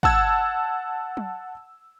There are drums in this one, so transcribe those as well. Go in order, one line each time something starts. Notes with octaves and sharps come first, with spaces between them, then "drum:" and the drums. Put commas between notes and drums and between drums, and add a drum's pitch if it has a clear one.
F#5 A5 E6 G#6, drum: kick
drum: tom